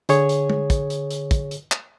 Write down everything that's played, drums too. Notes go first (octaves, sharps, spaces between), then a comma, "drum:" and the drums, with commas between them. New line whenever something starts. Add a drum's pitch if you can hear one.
D3 G#4 C#5, drum: hi-hat
drum: hi-hat
drum: tom
drum: kick, hi-hat
drum: hi-hat
drum: hi-hat
drum: kick, hi-hat
drum: hi-hat
drum: clap